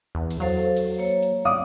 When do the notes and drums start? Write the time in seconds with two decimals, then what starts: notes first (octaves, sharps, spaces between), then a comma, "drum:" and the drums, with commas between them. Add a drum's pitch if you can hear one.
0.15 E2
0.30 drum: open hi-hat
0.40 F#3 A4 C5 F5
0.76 drum: open hi-hat
0.98 A#3 C#5
1.22 drum: hi-hat
1.45 D5 F5 F#5 D6 D#6